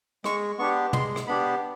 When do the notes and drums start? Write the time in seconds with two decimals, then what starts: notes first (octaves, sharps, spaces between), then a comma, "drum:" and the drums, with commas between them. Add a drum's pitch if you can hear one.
0.24 G#3 C#6, drum: rim click
0.58 B3 D4 G4 C#6
0.93 G#3 C6, drum: tom
1.16 drum: rim click
1.27 B3 D4 G4 B5